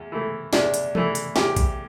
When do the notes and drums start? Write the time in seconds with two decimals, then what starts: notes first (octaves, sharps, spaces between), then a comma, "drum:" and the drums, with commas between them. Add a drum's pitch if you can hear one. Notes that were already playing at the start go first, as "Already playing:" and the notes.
Already playing: E2
0.12 E3 A3
0.53 E2 D4, drum: snare
0.74 drum: hi-hat
0.95 E3 A3, drum: tom E3
1.15 drum: hi-hat
1.36 E2 G4, drum: snare
1.56 drum: kick, hi-hat